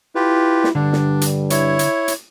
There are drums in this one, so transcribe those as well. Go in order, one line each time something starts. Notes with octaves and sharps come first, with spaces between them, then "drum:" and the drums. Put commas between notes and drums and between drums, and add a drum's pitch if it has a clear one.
E4 F4 G4 B4
drum: snare
G2 D3 D4
drum: snare
drum: hi-hat
E4 C#5, drum: hi-hat
drum: hi-hat
drum: hi-hat